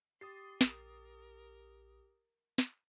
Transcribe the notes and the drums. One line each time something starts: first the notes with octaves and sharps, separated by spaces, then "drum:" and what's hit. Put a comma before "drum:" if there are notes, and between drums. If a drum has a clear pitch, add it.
G4 C6 D#6 A6 C7
A#1 A#4, drum: snare
drum: snare